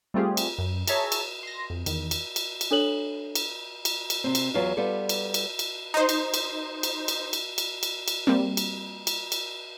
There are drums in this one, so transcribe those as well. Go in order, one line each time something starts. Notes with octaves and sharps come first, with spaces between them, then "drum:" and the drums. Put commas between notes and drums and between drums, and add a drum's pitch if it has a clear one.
G3 A3 C4 F4 G4 G#4
drum: cymbal
F#2
G#4 C#5 E5 A5 A#5, drum: cymbal
drum: cymbal
C6 A#6
F2
E2 D#3, drum: cymbal
drum: cymbal
drum: cymbal
drum: cymbal
D4 A4 C#5 F#7
drum: cymbal
drum: cymbal
drum: cymbal
C3 C4
drum: cymbal
E2 F#3 F4 B4 F5
G3 B3 F4 A4 D5
drum: cymbal
drum: cymbal
drum: cymbal
D#4 C5
drum: cymbal
drum: cymbal
drum: cymbal
drum: cymbal
drum: cymbal
drum: cymbal
drum: cymbal
drum: cymbal
G3 A#3 C4
drum: cymbal
drum: cymbal
drum: cymbal